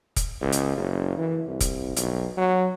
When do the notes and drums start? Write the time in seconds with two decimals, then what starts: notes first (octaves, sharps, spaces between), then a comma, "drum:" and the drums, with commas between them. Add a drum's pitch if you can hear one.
0.16 drum: kick, hi-hat
0.42 C#2
0.52 drum: hi-hat
0.77 F#1
1.17 E3
1.47 C2
1.61 drum: kick, hi-hat
1.97 B1, drum: hi-hat
2.37 F#3